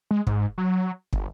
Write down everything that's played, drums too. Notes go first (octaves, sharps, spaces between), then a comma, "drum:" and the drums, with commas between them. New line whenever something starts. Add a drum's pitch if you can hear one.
G#3
G#2, drum: kick
F#3
G1, drum: kick